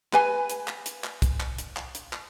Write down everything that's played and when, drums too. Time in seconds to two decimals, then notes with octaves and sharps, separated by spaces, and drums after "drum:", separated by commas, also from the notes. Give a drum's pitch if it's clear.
0.13 B4 G#5, drum: clap
0.50 drum: hi-hat
0.68 drum: clap
0.86 drum: hi-hat
1.04 drum: clap
1.22 drum: kick, hi-hat
1.40 drum: clap
1.58 drum: hi-hat
1.77 drum: clap
1.95 drum: hi-hat
2.13 drum: clap